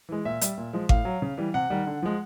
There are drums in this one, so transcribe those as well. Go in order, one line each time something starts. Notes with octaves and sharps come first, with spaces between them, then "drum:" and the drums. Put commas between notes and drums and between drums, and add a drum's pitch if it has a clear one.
E3 G#3
A#2 E5
G3, drum: hi-hat
A#2
F3 G#3
A2 F5, drum: kick G#1
F#3
C#3
E3 G3
C3 F#5
D#3 G3
D3
F3 G#3